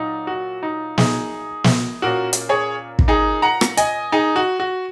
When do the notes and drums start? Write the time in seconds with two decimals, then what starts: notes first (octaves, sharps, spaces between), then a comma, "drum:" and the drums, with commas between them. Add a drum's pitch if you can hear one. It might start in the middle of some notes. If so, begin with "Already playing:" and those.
Already playing: A#2 F#3 D#4
0.27 F#4
0.63 D#4
0.98 D#4 G#4, drum: snare
1.64 drum: snare
2.02 A#2 A#3 C#4 F#4 A#4
2.33 drum: hi-hat
2.49 G#4 C#5
2.99 drum: kick
3.08 D#4 G#4
3.42 F#5 A#5
3.61 drum: rim click
3.77 D#5 G#5, drum: hi-hat
4.12 D#4 G#4
4.36 F#4
4.60 F#4